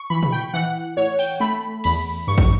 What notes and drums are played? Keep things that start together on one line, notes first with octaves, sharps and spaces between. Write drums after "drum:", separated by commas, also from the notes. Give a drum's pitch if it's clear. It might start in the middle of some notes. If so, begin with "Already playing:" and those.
Already playing: C#6
E3 B5
drum: tom
G5
E3 F#5
A2 C#5
G5, drum: open hi-hat
A3 B5
E2 B5, drum: cymbal
G2 C#6
drum: kick